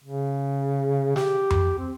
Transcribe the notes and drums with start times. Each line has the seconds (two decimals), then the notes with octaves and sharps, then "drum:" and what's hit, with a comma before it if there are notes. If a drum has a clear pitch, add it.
0.04 C#3
1.16 G4, drum: snare
1.50 drum: tom F2
1.78 C4